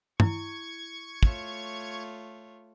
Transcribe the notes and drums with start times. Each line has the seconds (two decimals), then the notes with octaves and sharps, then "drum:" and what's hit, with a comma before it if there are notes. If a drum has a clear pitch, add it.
0.20 E4 C#6 G#6, drum: tom
1.23 A3 F4 C#5, drum: kick